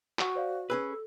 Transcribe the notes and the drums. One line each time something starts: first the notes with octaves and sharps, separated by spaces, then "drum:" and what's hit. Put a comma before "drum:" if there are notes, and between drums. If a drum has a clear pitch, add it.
F#4 F#5 C#6, drum: clap
C5 D5 F5
C#4 G#4 B4 E6
A4